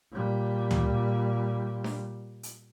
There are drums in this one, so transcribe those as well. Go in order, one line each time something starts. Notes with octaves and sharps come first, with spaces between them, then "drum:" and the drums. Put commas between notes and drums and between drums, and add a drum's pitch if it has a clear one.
A#2 G3
drum: tom D2
drum: snare D4
drum: hi-hat